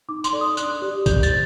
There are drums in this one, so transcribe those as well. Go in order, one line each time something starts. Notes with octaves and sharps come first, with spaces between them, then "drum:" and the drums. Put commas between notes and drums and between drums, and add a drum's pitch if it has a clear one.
D#4 D6
C6, drum: tambourine
A4 D5
D#6
D4 F#6, drum: tambourine
G4 D5
G4 G6, drum: kick B1, tambourine
A6, drum: tambourine
C5